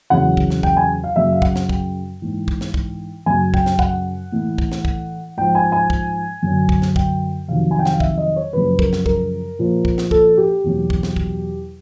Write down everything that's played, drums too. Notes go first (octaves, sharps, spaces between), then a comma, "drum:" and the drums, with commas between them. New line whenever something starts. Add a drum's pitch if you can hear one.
E2 C#3 F#3 F#5
drum: kick
drum: snare
G5, drum: kick
G#5
F5
F#2 C#3 F#3 E5
F5
F#5, drum: kick
drum: snare
G5, drum: kick
G#2 E3
drum: kick
drum: snare
drum: kick
F#2 C#3 F#3 G#5
G5, drum: kick
drum: snare
F#5, drum: kick
A2 E3
drum: kick
drum: snare
drum: kick
G#2 F3 G5
G#5
G#5
drum: kick
F#2 D3 F#3
drum: kick
drum: snare
G5, drum: kick
F2 C3 D#3 F#3 F5
G#5
G5
F#5, drum: snare
F5
E5, drum: kick
D#5
C#5
F#2 C#3 F3 B4
A#4, drum: kick
drum: snare
A#4, drum: kick
A#2 F3
drum: kick
drum: snare
A4, drum: kick
G4
E2 B2 F#3
drum: kick
drum: snare
drum: kick